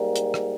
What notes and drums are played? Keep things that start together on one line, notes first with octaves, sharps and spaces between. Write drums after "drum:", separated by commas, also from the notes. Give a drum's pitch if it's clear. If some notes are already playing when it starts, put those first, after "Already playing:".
Already playing: G#2 G3 A#3
drum: hi-hat
drum: rim click